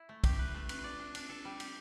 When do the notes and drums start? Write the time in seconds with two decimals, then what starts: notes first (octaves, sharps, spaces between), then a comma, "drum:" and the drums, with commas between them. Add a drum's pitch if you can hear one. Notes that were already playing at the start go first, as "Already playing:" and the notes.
Already playing: E4
0.09 A3
0.24 G4, drum: kick, cymbal
0.39 B4
0.54 A3
0.69 B4, drum: cymbal
0.84 D5
0.99 D4
1.15 D4, drum: cymbal
1.29 A4
1.45 G3
1.60 G4, drum: cymbal